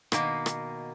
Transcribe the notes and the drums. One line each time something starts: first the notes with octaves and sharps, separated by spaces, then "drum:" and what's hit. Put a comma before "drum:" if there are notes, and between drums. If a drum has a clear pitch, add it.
B2 D#3 A#3, drum: rim click
drum: rim click